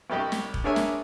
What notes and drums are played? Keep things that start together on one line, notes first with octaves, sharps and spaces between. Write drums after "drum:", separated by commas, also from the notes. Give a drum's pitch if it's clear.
C2 G3 G4 D#5 C#6
drum: snare
drum: kick
D4 G#4 A#4 C#5 E5 G#5
drum: snare